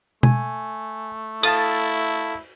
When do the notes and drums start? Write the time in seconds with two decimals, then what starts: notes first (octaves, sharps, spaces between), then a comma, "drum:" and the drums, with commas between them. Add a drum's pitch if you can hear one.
0.23 A3 G#5, drum: tom B2
1.43 E4 A4 F5 A5 D#6 A6, drum: cymbal